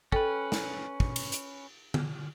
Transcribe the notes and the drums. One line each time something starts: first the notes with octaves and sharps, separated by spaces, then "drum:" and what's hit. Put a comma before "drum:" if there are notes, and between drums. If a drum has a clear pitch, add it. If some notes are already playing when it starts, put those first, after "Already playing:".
C#4 A4 B4 G5, drum: kick
drum: snare
drum: kick
drum: cymbal
drum: hi-hat
drum: tom D3